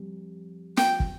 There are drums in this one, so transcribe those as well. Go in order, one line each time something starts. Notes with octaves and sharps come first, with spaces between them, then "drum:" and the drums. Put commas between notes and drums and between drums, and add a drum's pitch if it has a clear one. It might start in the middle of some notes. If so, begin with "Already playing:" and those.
Already playing: F2 G3
G5, drum: snare
drum: kick